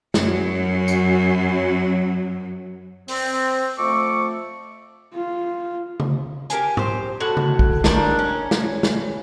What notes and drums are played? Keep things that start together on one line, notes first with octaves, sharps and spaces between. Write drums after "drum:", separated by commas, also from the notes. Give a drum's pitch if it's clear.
F#2 F#3, drum: snare
drum: tambourine
C4, drum: open hi-hat
F2 A3 A4 C#6 D6
F4
drum: tom C#3
G4 A#4 F5 G#5, drum: hi-hat
G4 C5, drum: tom G#2
A2 F#4 F#5
drum: tom C#3
drum: kick
D#3 G3 A#3 D4, drum: snare
C#4
drum: snare
drum: snare